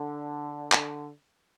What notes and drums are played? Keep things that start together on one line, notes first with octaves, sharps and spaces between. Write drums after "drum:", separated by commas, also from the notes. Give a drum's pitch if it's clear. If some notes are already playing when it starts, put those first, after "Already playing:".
Already playing: D3
D3, drum: clap